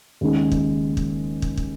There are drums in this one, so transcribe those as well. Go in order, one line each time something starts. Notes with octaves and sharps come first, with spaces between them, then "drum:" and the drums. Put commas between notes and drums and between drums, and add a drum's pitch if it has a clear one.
D#2 C#3 G#3
drum: kick
drum: kick
drum: kick
drum: kick